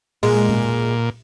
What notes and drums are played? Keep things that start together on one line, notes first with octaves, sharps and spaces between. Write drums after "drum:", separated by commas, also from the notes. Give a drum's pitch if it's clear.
A#2 G#3, drum: open hi-hat
drum: tom A#2